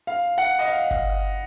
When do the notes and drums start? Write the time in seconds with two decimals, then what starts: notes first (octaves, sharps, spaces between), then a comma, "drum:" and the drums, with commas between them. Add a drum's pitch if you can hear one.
0.07 F5
0.38 F#5
0.59 D#5
0.68 F5
0.91 drum: kick G1, hi-hat